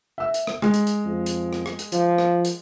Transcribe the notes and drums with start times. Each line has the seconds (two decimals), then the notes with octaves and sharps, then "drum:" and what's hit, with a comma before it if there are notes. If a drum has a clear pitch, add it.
0.18 E5 E6
0.34 drum: hi-hat
0.47 drum: rim click
0.62 G#3, drum: rim click
0.74 drum: hi-hat
0.87 drum: hi-hat
1.05 F2
1.26 drum: hi-hat
1.53 drum: rim click
1.66 drum: rim click
1.79 drum: hi-hat
1.92 F3, drum: hi-hat
2.18 drum: rim click
2.45 drum: hi-hat